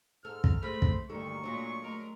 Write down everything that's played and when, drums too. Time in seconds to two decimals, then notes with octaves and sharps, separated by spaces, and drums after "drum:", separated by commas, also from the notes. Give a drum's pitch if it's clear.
0.25 G#2 A4 F6
0.44 drum: kick
0.63 G#3 A3 C5 B5
0.82 drum: kick
1.09 D2 G2 D#3 G3 A#3 A4 C#6
1.44 A#2 F#3 G#3 A3 D4 C#5
1.80 G#3 A3 A#4